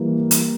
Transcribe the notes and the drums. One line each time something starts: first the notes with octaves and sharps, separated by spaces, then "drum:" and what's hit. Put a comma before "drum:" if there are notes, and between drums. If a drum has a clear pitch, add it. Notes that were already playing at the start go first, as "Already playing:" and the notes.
Already playing: E3 G3 A#3
drum: hi-hat